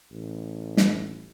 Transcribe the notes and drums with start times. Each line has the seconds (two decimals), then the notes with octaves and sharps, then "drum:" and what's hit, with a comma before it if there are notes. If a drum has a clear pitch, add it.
0.11 A1
0.77 drum: snare